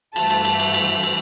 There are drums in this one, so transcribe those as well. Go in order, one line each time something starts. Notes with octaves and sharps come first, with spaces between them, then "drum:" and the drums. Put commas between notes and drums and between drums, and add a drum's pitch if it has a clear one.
G2 E3 A3 A5, drum: cymbal
drum: cymbal
drum: cymbal
drum: cymbal
drum: cymbal
drum: cymbal